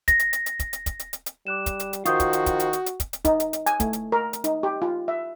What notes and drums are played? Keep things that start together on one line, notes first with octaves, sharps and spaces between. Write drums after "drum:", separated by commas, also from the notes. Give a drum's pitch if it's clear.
A#6, drum: kick, hi-hat
drum: hi-hat
drum: hi-hat
drum: hi-hat
drum: kick, hi-hat
drum: hi-hat
drum: kick, hi-hat
drum: hi-hat
drum: hi-hat
drum: hi-hat
G3 D6 F#6 E7
drum: kick, hi-hat
drum: hi-hat
drum: hi-hat
D#3 F4 F#4 C5 C#6 D#6 G6, drum: hi-hat
drum: kick, hi-hat
drum: hi-hat
drum: kick, hi-hat
drum: hi-hat
drum: hi-hat
drum: hi-hat
drum: kick, hi-hat
drum: hi-hat
D#4, drum: kick, hi-hat
drum: hi-hat
drum: hi-hat
G#5, drum: hi-hat
A3, drum: kick, hi-hat
drum: hi-hat
A#4
drum: hi-hat
D#4, drum: hi-hat
G4
F4
E5